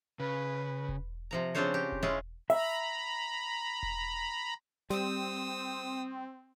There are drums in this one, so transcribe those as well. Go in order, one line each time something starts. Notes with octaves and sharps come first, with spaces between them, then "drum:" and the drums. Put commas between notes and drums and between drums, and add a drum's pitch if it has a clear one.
C#3 B4
drum: kick E1
C3 F3 A#5
C#3 C4 D4 F4 C5 C#5
G4
drum: kick E1
G#3 C#4 E4 F4 G#4
E5 A#5 B5, drum: open hi-hat
drum: kick E1
G3 C4 D#6 E6, drum: snare